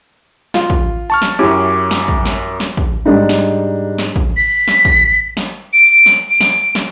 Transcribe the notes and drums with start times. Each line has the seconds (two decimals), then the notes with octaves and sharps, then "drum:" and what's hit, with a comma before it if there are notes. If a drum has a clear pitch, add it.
0.54 F4, drum: snare
0.70 drum: kick
1.10 A5 C#6 F6
1.22 drum: snare
1.39 F#2 C#4 E4 G4 D6
1.91 drum: snare
2.08 drum: kick
2.25 drum: snare
2.60 drum: snare
2.77 drum: kick
3.05 G#2 G3 D4 D#4
3.29 drum: snare
3.98 drum: snare
4.16 drum: kick
4.37 B6
4.68 drum: snare
4.85 drum: kick
5.37 drum: snare
5.73 D7
6.06 drum: snare
6.31 D7
6.41 drum: snare
6.75 drum: snare